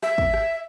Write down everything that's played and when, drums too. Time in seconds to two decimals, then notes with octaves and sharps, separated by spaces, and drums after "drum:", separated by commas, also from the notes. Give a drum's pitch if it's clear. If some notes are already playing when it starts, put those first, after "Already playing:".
0.03 E5, drum: rim click
0.18 drum: kick
0.34 drum: rim click